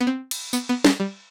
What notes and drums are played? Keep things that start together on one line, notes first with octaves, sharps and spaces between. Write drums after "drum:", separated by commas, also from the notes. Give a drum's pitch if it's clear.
B3
C4
drum: cymbal
B3, drum: tambourine
B3
G3, drum: snare
G3